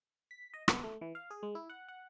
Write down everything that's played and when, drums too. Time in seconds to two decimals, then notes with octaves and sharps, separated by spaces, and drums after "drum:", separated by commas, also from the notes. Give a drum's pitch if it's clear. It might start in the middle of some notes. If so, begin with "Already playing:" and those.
0.31 B6
0.54 D#5
0.68 B3, drum: rim click
0.84 A3
1.01 E3
1.15 F5
1.30 G#4
1.43 G#3
1.55 E4
1.70 F#5
1.88 F#5